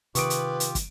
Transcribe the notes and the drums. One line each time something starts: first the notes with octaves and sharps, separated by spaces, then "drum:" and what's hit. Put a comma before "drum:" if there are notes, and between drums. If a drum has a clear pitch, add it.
C3 D#3 F4 G4 B4 C#6 D#6 D7, drum: hi-hat
drum: hi-hat
drum: hi-hat
drum: kick, hi-hat